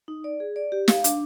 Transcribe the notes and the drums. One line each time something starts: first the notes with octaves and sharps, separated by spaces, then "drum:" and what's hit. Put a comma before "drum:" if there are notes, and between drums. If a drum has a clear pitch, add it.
D#4
D5
G#4
D5
G4
F5, drum: snare
D4, drum: hi-hat